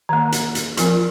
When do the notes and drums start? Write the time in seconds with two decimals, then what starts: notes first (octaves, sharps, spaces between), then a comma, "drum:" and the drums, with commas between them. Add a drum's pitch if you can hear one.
0.09 D#3 A#3
0.32 drum: hi-hat
0.55 drum: hi-hat
0.77 F3 C4 F4 A#4, drum: hi-hat